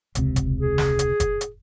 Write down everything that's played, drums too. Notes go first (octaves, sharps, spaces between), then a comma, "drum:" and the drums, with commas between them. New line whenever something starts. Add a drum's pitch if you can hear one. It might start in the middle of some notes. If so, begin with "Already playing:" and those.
E1 C#2 C3, drum: hi-hat
drum: kick, hi-hat
G#4
drum: snare
drum: hi-hat
drum: kick, hi-hat
drum: hi-hat